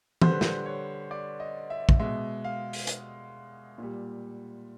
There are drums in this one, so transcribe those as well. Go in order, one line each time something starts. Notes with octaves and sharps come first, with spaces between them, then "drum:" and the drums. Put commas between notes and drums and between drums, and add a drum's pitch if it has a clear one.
D3 G3 C5, drum: tom E3
B4
C5, drum: snare
C#5
D5
D#5
E5
drum: kick
B2 G#3 E5
F5
drum: open hi-hat
drum: hi-hat
A#2 G3